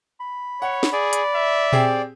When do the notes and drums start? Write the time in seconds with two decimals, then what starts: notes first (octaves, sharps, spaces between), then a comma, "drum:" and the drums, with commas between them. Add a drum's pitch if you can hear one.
0.20 B5
0.62 C#5 F#5
0.83 drum: snare
0.93 G#4 D5
1.13 drum: hi-hat
1.36 E5
1.73 C4 G4 G#4, drum: tom A#2